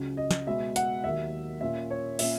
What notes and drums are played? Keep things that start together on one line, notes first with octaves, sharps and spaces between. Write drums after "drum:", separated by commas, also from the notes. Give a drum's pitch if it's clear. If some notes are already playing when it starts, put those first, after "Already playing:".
Already playing: C#2 C#3 F#3
D#5
drum: snare
B2 G#3 B3 E5
F#5, drum: hi-hat
D#2 D#3 F#3 A#3 E5
A#2 A#3 C#4 E5
C#5
A#2 A#3 C#4 E5, drum: open hi-hat